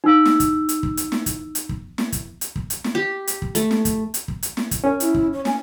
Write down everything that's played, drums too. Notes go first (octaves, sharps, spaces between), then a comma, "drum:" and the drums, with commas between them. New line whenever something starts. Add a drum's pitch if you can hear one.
D#4 E6
drum: snare
drum: kick, hi-hat
drum: hi-hat
drum: kick
drum: hi-hat
drum: snare
drum: kick, hi-hat
drum: hi-hat
drum: kick
drum: snare
drum: kick, hi-hat
drum: hi-hat
drum: kick
drum: hi-hat
drum: snare
G4
drum: hi-hat
drum: kick
A3, drum: hi-hat
drum: snare
drum: kick, hi-hat
drum: hi-hat
drum: kick
drum: hi-hat
drum: snare
drum: kick, hi-hat
C#4 A#4
E4, drum: hi-hat
drum: kick
C#5
G#5, drum: snare